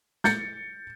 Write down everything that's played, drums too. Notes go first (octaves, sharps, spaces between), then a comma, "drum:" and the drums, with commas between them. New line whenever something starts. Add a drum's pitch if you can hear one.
G6 A6 C#7, drum: snare